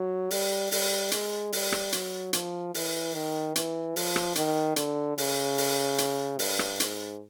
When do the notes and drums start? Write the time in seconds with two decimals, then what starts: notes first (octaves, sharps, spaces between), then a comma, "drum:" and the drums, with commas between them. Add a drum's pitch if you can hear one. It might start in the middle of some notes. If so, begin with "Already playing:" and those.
Already playing: F#3
0.31 G3, drum: open hi-hat
0.72 G3, drum: open hi-hat
1.11 G#3, drum: hi-hat
1.53 G3, drum: open hi-hat
1.72 drum: rim click
1.92 F#3, drum: hi-hat
2.33 F3, drum: hi-hat
2.74 E3, drum: open hi-hat
3.14 D#3
3.56 E3, drum: hi-hat
3.96 F3, drum: open hi-hat
4.16 drum: rim click
4.35 D#3, drum: hi-hat
4.76 D3, drum: hi-hat
5.18 C#3, drum: open hi-hat
5.58 drum: open hi-hat
5.98 drum: hi-hat
6.39 G2, drum: open hi-hat
6.59 drum: rim click
6.80 G#2, drum: hi-hat